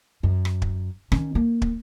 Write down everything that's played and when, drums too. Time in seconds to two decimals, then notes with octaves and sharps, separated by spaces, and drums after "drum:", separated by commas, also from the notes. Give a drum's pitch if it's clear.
0.23 F#2
0.45 drum: rim click
0.62 drum: kick
1.12 D#3 C#4, drum: rim click
1.35 A#3
1.62 drum: kick